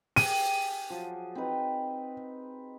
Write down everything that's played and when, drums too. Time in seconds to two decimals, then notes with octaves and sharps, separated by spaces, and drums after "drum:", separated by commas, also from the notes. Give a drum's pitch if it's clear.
0.16 G4 G#4 D#7, drum: open hi-hat
0.90 F3 F#3
1.35 C4 D#4 B4